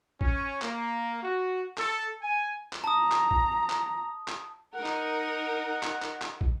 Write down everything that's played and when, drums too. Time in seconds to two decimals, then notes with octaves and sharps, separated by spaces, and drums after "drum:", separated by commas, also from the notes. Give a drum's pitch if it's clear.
0.21 C#4, drum: kick
0.62 A#3, drum: clap
1.23 F#4
1.77 A4, drum: clap
2.22 G#5
2.73 drum: clap
2.84 A5 A#5 D#6
3.11 drum: clap
3.31 drum: kick
3.70 drum: clap
4.28 drum: clap
4.75 D#4 A#4 F#5
4.86 drum: clap
5.83 drum: clap
6.02 drum: clap
6.22 drum: clap
6.41 drum: kick